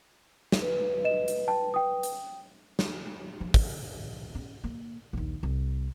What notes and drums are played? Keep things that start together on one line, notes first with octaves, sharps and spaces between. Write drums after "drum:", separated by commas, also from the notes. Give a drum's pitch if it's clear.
drum: snare
B4
D#5 E7
drum: hi-hat
G5 A5
G5 D#6
drum: hi-hat
drum: snare
F3
drum: kick, open hi-hat
C#4
A#3
A#1 D#2
C2